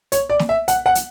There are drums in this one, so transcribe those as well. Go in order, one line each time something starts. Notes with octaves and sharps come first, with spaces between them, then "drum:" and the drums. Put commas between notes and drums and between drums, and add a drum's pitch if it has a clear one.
C#5, drum: hi-hat
D5
drum: snare
E5
F#5, drum: hi-hat
F#5
drum: hi-hat